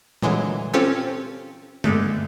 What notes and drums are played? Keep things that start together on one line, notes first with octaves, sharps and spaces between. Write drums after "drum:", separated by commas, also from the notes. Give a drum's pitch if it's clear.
A#2 D3 E3 F#3 G#3, drum: tom
C4 C#4 F4 G4 A4
G2 D3 G#3 A3, drum: tom